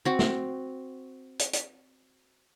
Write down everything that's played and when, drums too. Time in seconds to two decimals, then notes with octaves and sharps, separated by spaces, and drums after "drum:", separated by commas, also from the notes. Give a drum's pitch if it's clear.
0.05 C4 F#4
0.19 drum: snare
1.39 drum: hi-hat
1.53 drum: hi-hat